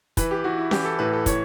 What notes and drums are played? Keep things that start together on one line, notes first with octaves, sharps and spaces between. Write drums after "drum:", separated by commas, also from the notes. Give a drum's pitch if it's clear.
E3 B4, drum: kick, hi-hat
G4
E3 F#4
E4
E3 G4, drum: snare C#4
A4
A2 B4
A4
E3 C#5, drum: kick, hi-hat